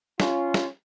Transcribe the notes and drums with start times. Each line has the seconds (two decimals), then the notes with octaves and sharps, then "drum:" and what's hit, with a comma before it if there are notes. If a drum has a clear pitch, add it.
0.20 C#4 F4, drum: snare
0.54 drum: snare